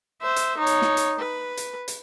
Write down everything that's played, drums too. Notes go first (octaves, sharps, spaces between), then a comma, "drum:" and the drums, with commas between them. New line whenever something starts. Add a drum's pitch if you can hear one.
C5 E5
drum: hi-hat
D#4 C#5
drum: hi-hat
drum: snare
drum: hi-hat
B4
drum: hi-hat
drum: hi-hat